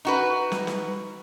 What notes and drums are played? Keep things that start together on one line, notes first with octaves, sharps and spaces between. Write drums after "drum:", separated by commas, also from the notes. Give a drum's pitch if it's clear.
D#4 F#4 B4
drum: snare
drum: snare